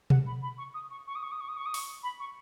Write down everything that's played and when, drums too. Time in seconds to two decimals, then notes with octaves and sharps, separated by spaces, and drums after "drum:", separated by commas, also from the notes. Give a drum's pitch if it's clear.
0.10 F#5, drum: tom B2
0.27 B5
0.42 B5
0.58 C#6
0.74 D#6
0.91 C#6
1.07 C#6
1.16 D#6
1.23 C#6
1.32 D#6
1.41 C#6
1.48 D#6
1.57 C#6
1.66 D#6
1.74 C#6, drum: open hi-hat
2.03 B5
2.20 C#6